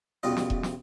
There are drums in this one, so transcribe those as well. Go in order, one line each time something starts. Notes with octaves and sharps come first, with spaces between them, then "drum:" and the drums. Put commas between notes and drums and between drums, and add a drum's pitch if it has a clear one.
A1 E2 B2 G3 F4 D#5
drum: snare
drum: kick E1
drum: snare